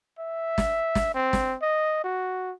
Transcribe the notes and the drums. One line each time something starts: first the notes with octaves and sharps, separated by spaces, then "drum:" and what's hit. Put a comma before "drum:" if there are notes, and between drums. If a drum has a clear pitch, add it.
E5
drum: snare
drum: snare
C4
drum: snare
D#5
F#4